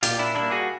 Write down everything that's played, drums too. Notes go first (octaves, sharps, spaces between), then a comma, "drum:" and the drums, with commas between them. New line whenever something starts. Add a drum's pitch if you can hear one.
A#2 F4 G4, drum: hi-hat
D4 E4
G3 A#3 D4 E4
F#4 G#4